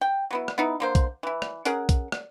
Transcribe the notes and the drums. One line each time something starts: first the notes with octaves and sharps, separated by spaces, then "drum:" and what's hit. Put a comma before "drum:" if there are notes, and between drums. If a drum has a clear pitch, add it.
G5
F#3 B3 E4
drum: rim click
B3 D#4 E4
D3 A#3 C5
drum: kick B1, hi-hat
E3 E4
drum: rim click
C#4 G#4 A#4 F#5, drum: hi-hat
drum: kick B1, hi-hat
drum: rim click